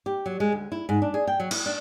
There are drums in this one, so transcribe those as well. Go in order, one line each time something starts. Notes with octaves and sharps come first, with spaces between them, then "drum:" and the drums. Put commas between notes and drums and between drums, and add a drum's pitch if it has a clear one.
G4
F#3
G#3
D2
E4
G#2
D4
G#4
G5
F#3
E4, drum: cymbal
D4